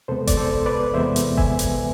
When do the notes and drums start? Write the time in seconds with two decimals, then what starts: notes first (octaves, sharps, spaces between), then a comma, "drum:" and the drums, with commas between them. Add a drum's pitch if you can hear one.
0.08 E2 C3 G#3 B3 A4 C5
0.27 D5, drum: kick F#1, hi-hat
0.37 A4 C5
0.66 B4 D5
0.94 E2 C3 G#3 B3 C5 E5
1.16 drum: hi-hat
1.37 E5 G#5, drum: kick F#1
1.59 drum: hi-hat